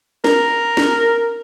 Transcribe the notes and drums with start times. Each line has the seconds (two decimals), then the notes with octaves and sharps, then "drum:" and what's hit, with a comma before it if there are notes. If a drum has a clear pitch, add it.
0.24 A#4, drum: snare
0.77 drum: snare